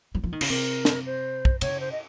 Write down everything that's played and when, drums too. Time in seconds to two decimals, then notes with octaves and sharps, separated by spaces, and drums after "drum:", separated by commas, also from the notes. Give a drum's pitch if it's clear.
0.15 F#3
0.24 F3
0.32 D#3
0.41 C#3, drum: cymbal
0.49 C3 A#4
0.85 drum: snare
1.06 C5
1.45 drum: kick
1.61 C#3 C#5, drum: cymbal
1.80 C5
1.92 D#5